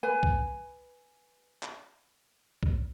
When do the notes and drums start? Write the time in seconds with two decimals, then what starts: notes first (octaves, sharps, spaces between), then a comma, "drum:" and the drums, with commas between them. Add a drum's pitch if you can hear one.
0.03 B4 G#5
0.23 drum: kick B1
1.63 drum: clap
2.63 drum: kick B1